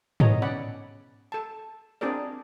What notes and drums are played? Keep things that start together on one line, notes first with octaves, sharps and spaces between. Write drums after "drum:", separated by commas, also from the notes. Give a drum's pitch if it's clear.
B3 G#4 C#5 D#5 A#5, drum: tom G#2
C#4 D5 F#5 B5
A4 A5
C4 D4 F4 G#4 A#4 D5